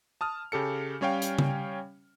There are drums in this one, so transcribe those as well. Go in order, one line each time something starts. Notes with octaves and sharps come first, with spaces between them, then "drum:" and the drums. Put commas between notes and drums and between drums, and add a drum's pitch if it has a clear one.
A5 D#6 F6
C#3 G4 A4 C#7
G3 C#4 C#5 F5 G5
drum: hi-hat
drum: tom C#3